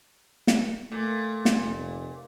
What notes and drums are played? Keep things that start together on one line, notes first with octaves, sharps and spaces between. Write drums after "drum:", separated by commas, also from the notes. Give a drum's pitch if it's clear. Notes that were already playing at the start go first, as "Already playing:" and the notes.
drum: snare
A#2 A3
drum: snare
F1